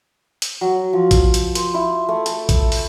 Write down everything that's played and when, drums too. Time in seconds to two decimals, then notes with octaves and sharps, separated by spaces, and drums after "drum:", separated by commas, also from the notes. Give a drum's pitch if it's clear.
0.42 drum: hi-hat
0.61 F#3
0.93 F3
1.11 drum: kick A1, hi-hat
1.34 drum: hi-hat
1.55 C5, drum: hi-hat
1.74 E4
2.09 A3
2.26 A4, drum: hi-hat
2.49 drum: kick A1, hi-hat
2.72 drum: open hi-hat